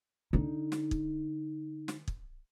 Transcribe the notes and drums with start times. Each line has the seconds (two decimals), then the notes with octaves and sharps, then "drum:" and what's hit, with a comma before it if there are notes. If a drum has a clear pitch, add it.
0.33 D3 D#4
0.72 drum: snare
0.91 drum: kick
1.88 drum: snare
2.08 drum: kick